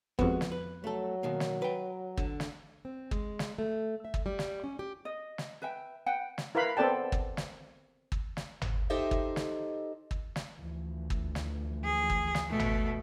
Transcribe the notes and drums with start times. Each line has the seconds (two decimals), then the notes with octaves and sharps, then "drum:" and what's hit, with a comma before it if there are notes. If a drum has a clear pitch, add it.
0.19 F2 G#3 B3 F#4, drum: kick
0.41 drum: snare
0.52 B4
0.84 F#3 A3 A4
1.23 B2 D#3 A#3
1.40 drum: snare
1.62 B4 G5
2.17 D3, drum: kick
2.40 drum: snare
2.85 C4
3.11 G#3, drum: kick
3.39 drum: snare
3.58 A3
4.05 E5
4.14 drum: kick
4.26 G3
4.39 drum: snare
4.64 C#4
4.79 G4
5.05 D#5
5.38 drum: snare
5.62 B4 E5 G5
6.06 B4 F#5 G5
6.38 drum: snare
6.55 E4 A#4 B4 F5 B5
6.77 B3 C4 A4 D5 G5 A5
7.12 drum: kick
7.37 drum: snare
8.12 drum: kick
8.37 drum: snare
8.62 drum: tom
8.90 D#4 G4 A4 C5 D#5 E5
9.11 drum: kick
9.36 drum: snare
10.11 drum: kick
10.36 drum: snare
10.56 D2 E3 F3
11.10 drum: kick
11.35 drum: snare
11.84 G#4
12.10 drum: kick
12.35 drum: snare
12.50 B2 A3
12.59 drum: tom